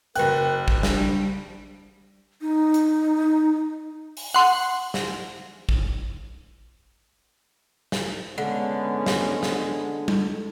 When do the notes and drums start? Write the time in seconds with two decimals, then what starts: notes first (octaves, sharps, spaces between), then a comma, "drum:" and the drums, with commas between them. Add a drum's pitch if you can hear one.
0.15 F#1 A#4 B4 G5 F#6, drum: hi-hat
0.68 drum: kick
0.83 G3 D4, drum: snare
2.42 D#4
2.74 drum: hi-hat
4.17 drum: open hi-hat
4.34 F#5 C6
4.94 drum: snare
5.69 drum: kick
7.92 drum: snare
8.38 D3 G#3 B3 C#4
9.06 drum: snare
9.43 drum: snare
10.08 drum: tom